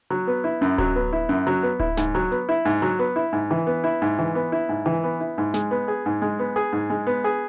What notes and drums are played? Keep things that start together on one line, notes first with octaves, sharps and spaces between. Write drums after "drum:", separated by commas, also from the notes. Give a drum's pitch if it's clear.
F#3
B3
E4
F#2
F#3, drum: kick D1
B3
E4
F#2
F#3
B3
E4, drum: kick D1
G#2, drum: snare
F#3
B3, drum: hi-hat
E4
G#2
F#3
B3
E4
G#2
E3
B3
E4
G#2
E3
B3
E4
G#2
E3
B3
E4
G#2
G#3, drum: snare
B3
G#4
G#2
G#3
B3
G#4
G#2
G#3
B3
G#4